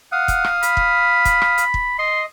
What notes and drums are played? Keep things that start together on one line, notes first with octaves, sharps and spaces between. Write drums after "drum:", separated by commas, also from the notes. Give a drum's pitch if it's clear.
F5 F#5 D#6
drum: kick, hi-hat
drum: rim click
B5, drum: hi-hat
drum: kick
drum: kick, hi-hat
drum: rim click
drum: hi-hat
drum: kick
D#5 C6